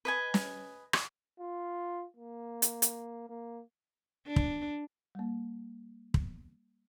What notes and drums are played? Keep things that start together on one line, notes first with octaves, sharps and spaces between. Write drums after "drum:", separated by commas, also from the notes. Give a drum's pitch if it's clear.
B4 D#5 G#5
drum: snare
drum: rim click
F4
A#3
drum: hi-hat
drum: hi-hat
A#3
D4
drum: kick
G3 A#3
drum: kick